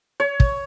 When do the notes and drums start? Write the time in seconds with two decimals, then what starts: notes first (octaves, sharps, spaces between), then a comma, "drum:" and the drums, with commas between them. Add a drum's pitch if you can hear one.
0.20 C#5
0.40 drum: kick